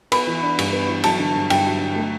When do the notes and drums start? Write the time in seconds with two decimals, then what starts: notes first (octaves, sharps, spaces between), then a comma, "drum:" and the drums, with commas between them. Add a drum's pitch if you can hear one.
0.12 B3 B5, drum: cymbal
0.27 E3
0.43 D4
0.59 G2, drum: cymbal
0.73 B3
0.88 E3
1.03 F#3 A5, drum: cymbal
1.19 D3
1.35 G2
1.50 G2 G5, drum: cymbal
1.66 F#3
1.81 D3
1.96 A3